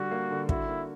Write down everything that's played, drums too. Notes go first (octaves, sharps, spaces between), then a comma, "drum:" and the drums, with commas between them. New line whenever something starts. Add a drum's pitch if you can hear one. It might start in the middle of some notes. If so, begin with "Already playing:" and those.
Already playing: D3 G3 F#4
A#3
D3
E4 F#4, drum: kick
A#3